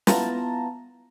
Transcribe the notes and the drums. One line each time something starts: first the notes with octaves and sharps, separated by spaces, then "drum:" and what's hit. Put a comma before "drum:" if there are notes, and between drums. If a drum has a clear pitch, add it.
B3 E4 F4 A5 A#5, drum: snare